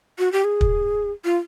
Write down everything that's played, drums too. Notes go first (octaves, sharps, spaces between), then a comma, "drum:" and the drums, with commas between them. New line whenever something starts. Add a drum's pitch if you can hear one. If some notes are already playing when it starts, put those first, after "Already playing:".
F#4
G4
G#4
drum: kick
F4